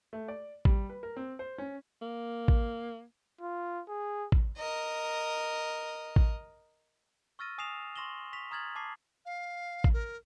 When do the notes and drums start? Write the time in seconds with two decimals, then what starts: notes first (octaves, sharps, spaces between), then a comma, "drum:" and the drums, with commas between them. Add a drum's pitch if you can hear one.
0.13 A3
0.28 D5
0.65 G3, drum: kick
0.90 B4
1.03 A#4
1.17 C4
1.39 C5
1.58 C#4
2.02 A#3
2.48 drum: kick
3.41 F4
3.88 G#4
4.32 drum: kick
4.58 A#4 D#5
6.16 drum: kick
7.39 C#6 E6 F6 A6 A#6 D#7
7.58 G#5 D#6 C7 E7 F7
7.96 C6 C#6 A#6 E7 F#7 G7
8.33 C#6 B6 F7
8.51 A#5 D#6 F6 G#6 A6 F#7
8.76 A5 D6 C7
9.26 F5
9.84 drum: kick
9.93 A#4